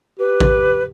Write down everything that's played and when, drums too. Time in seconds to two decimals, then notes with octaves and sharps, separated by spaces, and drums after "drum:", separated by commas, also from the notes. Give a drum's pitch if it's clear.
0.19 G4 B4
0.40 drum: kick A1